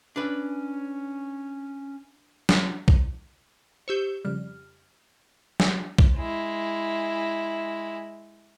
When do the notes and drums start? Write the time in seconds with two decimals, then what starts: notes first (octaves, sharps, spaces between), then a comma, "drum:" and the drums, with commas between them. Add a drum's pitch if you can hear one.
0.16 C#4 D4 B4
2.49 drum: snare
2.88 drum: kick A#1
3.88 G4 C5 C#6 E6 G6
4.25 F2 C#3 G3 F6
5.60 drum: snare
5.99 drum: kick A#1
6.18 G#3 E4